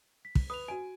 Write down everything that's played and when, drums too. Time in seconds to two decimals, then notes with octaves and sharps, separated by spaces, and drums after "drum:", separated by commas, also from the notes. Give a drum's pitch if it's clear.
0.25 B6
0.35 drum: kick
0.50 B4 D#6 F7
0.68 F#4 G#5 D7